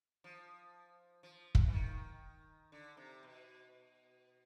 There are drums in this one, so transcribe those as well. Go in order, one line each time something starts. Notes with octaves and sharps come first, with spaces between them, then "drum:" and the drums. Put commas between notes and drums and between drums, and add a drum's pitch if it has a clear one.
F3
F3
drum: kick
E3
D#3
D3
C3
B2